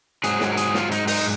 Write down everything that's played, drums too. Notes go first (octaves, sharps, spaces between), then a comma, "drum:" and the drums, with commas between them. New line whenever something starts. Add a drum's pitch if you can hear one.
G#2 F#3 G#4, drum: hi-hat
drum: snare
A#4
G#4, drum: hi-hat
F4, drum: snare
D#4, drum: hi-hat
D#4, drum: open hi-hat